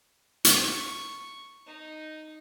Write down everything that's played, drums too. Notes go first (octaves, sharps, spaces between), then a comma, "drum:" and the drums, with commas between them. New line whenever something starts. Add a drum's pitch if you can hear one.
C#6, drum: hi-hat
D#4